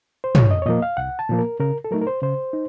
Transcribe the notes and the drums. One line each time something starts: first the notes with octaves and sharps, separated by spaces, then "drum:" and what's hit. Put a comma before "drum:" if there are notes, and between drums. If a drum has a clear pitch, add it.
C5
C2 C#5, drum: tom
D#5
C#5
A#2 F3 A#3 D#5
F5
C2 F#5
A5
A#2 F3 A#3
A#4
C#3 A#4
A4
F#3 A3 D#4 A#4
A#4
C5
C#3 C5
D#4